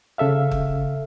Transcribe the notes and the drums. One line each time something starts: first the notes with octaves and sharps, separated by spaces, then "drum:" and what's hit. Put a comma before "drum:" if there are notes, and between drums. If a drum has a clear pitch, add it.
C#3 A4 E5 F5
drum: kick